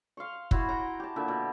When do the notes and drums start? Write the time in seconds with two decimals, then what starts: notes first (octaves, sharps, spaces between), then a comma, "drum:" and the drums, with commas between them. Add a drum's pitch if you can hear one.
0.17 F5 C6 C#6
0.51 E4 F#4 C6, drum: kick
0.69 F#5 G5 A#5
1.00 G4 A5
1.16 A#2 D3 E5 B5
1.28 B2